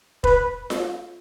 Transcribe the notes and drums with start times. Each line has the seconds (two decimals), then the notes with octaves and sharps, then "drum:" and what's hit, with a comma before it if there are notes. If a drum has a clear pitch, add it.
0.24 B4, drum: kick F1
0.70 drum: snare F4